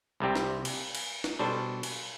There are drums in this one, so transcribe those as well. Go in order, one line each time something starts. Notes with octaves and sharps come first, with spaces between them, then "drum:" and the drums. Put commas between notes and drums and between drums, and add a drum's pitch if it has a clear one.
C2 C3 G3 C4 G4
drum: snare
drum: cymbal
drum: cymbal
drum: snare
B2 G3 D4 A4 C5
drum: cymbal